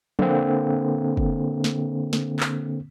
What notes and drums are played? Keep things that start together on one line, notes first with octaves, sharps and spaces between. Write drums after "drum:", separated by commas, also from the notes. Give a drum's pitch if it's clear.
D3 A#3 C4, drum: tom F3
drum: kick
drum: snare
drum: snare
drum: clap